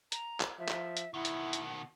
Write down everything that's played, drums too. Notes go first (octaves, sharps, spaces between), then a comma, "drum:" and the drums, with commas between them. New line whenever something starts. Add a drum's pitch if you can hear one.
A#5, drum: hi-hat
drum: clap
F3 E5
drum: clap
drum: hi-hat
B2 D#3 E4 F#5
drum: hi-hat
drum: hi-hat